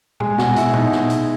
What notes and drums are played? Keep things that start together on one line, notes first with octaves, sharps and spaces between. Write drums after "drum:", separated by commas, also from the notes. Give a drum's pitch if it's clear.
G#3 G#4, drum: tom A#2
B2 F#4, drum: snare
B2 E4, drum: hi-hat
B2 D#4, drum: tom A#2
drum: snare
drum: hi-hat